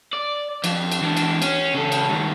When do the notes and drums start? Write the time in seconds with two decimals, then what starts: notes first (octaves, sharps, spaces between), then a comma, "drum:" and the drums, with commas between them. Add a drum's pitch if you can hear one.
0.13 D5
0.64 F2, drum: cymbal
0.92 drum: cymbal
1.02 E2 D4
1.17 drum: cymbal
1.42 C#4, drum: cymbal
1.74 C#3 A4
1.92 drum: cymbal
2.09 G2 D#3